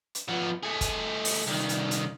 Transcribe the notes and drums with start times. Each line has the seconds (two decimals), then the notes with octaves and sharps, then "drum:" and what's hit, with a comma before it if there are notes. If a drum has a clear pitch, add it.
0.15 drum: hi-hat
0.28 F3 B3
0.63 A3 G#4
0.81 drum: kick, hi-hat
1.25 drum: open hi-hat
1.47 C2 D#3
1.69 drum: hi-hat
1.91 drum: hi-hat